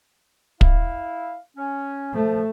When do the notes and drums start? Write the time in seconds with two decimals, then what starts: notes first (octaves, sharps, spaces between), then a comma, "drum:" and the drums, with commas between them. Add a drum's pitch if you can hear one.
0.61 E4 F5, drum: kick
1.57 C#4
2.14 F3 A3